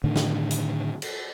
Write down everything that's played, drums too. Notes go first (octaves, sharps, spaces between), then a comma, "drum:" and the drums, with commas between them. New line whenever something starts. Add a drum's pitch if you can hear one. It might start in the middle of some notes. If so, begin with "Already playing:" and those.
A2 D3 D#3
drum: snare
drum: hi-hat
drum: cymbal